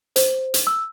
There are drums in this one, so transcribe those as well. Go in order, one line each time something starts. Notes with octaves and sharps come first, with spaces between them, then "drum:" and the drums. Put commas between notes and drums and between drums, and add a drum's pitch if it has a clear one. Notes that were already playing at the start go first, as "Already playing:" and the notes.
C5, drum: hi-hat
drum: hi-hat
E6